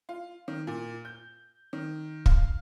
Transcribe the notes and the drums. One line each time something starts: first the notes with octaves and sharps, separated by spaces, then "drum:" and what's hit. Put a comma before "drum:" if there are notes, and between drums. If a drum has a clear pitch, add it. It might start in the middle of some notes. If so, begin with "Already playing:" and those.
F4
D#3
A#2
G6
D#3
F5, drum: kick